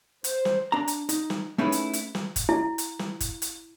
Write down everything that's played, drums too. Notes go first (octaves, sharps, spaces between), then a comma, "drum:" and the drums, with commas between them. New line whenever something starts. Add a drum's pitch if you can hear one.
C5, drum: hi-hat
drum: snare
D4 A#5
drum: hi-hat
D#4, drum: hi-hat
drum: snare
A3 C#4 D#4 E4 G#4 B4
drum: hi-hat
drum: hi-hat
drum: snare
drum: kick, hi-hat
E4
drum: hi-hat
drum: snare
drum: kick, hi-hat
drum: hi-hat